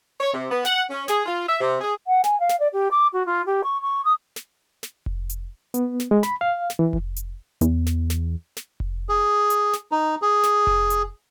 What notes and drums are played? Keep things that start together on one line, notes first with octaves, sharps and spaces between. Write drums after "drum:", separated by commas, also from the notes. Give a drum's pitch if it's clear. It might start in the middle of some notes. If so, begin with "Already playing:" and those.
C#5
C3
B3
F#5, drum: snare
C#4
G#4, drum: snare
F4
E5
C3
G#4
F#5
G#5, drum: snare
F5
drum: snare
D5
G4
D6
F#4
F4
G4
C#6
C#6
D#6
drum: snare
drum: snare
drum: kick F1
drum: hi-hat
B3, drum: hi-hat
drum: snare
G#3
B5, drum: snare
F5
drum: snare
E3
drum: kick F1
drum: hi-hat
E2, drum: hi-hat
drum: snare
drum: snare
drum: snare
drum: kick F1
G#4
drum: hi-hat
drum: snare
D#4
G#4
drum: snare
drum: kick F1
drum: hi-hat